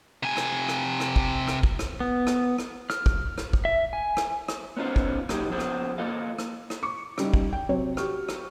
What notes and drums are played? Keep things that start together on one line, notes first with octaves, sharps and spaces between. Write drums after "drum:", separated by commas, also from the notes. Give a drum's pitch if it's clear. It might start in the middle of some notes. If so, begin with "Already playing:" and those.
C3 G#5
drum: rim click
drum: rim click
drum: rim click
drum: kick
drum: rim click
drum: kick
drum: rim click
B3
drum: rim click
drum: rim click
F6, drum: rim click
drum: kick
drum: rim click
drum: kick
E5
G#5
drum: rim click
drum: rim click
B3 C#4 D#4 F4 C5
drum: kick
A#2 F#3 D#4 G4, drum: rim click
F3 B3 G#4 C5
drum: rim click
A#3 F4 A4 D#5 F5
drum: rim click
drum: rim click
C#6 D6 C#7
C#3 G3 D#4, drum: rim click
drum: kick
G5
C3 F#3 C4 C#5
F#4 G4 C#6 F6, drum: rim click
drum: rim click